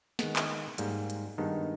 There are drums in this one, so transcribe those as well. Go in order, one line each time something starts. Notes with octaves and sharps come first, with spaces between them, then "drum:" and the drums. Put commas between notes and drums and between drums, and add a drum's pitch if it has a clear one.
D#3 G#3 B3, drum: snare
drum: clap
G#2 G3 A#3, drum: hi-hat
drum: hi-hat
G2 D#3 G#3 B3 D#4